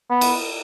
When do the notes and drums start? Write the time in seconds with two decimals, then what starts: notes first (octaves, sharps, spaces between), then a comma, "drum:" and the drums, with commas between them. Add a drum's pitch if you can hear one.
0.10 B3
0.21 drum: cymbal